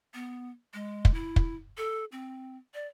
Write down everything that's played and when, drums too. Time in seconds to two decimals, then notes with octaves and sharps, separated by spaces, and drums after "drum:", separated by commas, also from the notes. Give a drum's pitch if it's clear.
0.14 B3
0.74 G#3
1.05 drum: kick
1.14 E4
1.36 drum: kick
1.77 A4
2.12 C4
2.74 D5